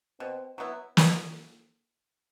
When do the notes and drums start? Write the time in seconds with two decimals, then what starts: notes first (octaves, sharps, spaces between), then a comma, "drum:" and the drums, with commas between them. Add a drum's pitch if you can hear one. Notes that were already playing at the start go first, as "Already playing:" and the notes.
0.20 B2 C4
0.58 F#3 B3 E4
0.97 B2 B3, drum: snare